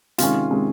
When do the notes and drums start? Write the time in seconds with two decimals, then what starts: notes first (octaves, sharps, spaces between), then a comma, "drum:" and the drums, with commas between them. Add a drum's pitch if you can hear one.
0.18 C3 D#3 G#3 C#4 F4, drum: hi-hat
0.50 C3 D#3 G#3 C#4